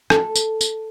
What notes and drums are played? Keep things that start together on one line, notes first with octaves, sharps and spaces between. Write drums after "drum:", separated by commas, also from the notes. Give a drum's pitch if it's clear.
A4, drum: rim click
drum: tambourine
drum: tambourine